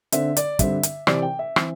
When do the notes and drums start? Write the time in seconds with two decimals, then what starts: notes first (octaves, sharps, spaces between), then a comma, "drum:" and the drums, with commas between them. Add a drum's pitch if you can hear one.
0.12 D3 C4 E5, drum: hi-hat
0.37 D5, drum: hi-hat
0.59 G2 D3 C4 E5, drum: kick, hi-hat
0.83 drum: hi-hat
1.07 C3 E3 C4 D5, drum: rim click
1.22 G5
1.39 E5
1.56 E3 C4, drum: rim click